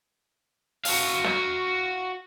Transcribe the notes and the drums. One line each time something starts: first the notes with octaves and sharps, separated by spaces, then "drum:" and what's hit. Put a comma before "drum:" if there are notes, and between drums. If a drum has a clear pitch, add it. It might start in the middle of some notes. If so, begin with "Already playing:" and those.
F#4 F5, drum: open hi-hat
drum: snare